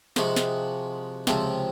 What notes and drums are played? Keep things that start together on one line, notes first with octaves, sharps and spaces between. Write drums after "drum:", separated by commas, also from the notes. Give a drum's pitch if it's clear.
C3 F3 G#3 D#4 F#4, drum: snare
drum: snare
C#2 C3 F3 C4, drum: snare